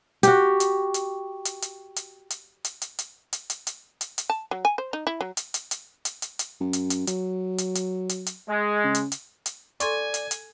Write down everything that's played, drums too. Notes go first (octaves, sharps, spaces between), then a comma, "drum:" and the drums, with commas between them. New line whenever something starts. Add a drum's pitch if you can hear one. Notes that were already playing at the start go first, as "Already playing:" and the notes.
F#4 G4, drum: hi-hat
drum: hi-hat
drum: hi-hat
drum: hi-hat
drum: hi-hat
drum: hi-hat
drum: hi-hat
drum: hi-hat
drum: hi-hat
drum: hi-hat
drum: hi-hat
drum: hi-hat
drum: hi-hat
drum: hi-hat
drum: hi-hat
A5
F#3
G#5
C5
D#4
E4
F#3
drum: hi-hat
drum: hi-hat
drum: hi-hat
drum: hi-hat
drum: hi-hat
drum: hi-hat
F#2
drum: hi-hat
drum: hi-hat
F#3, drum: hi-hat
drum: hi-hat
drum: hi-hat
drum: hi-hat
drum: hi-hat
G#3
C#3
drum: hi-hat
drum: hi-hat
drum: hi-hat
A4 D5 G#5 C6 C#6, drum: hi-hat
drum: hi-hat
drum: hi-hat